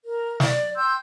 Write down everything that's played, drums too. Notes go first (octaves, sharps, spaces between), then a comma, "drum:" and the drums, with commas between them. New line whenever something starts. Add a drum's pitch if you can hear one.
A#4
D5, drum: snare
G5 C6 E6 G6